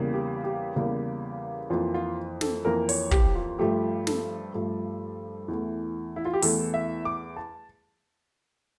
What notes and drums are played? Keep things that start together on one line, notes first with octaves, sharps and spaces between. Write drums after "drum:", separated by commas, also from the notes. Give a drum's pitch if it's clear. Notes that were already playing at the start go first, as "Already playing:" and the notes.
Already playing: E2 C#3 G3 A#3
G4
G4
E2 C#3 G3 A#3
F2 E3 A#3 F4
F4
A4, drum: snare
F2 E3 A#3 A#4
C#5, drum: open hi-hat
G4, drum: kick
F4
G2 F3 A3 G4
A4, drum: snare
G2 F3 A3
E2 E3 A3
E4
F4
G4
E2 E3 A3 A4, drum: open hi-hat
E5
D6
A5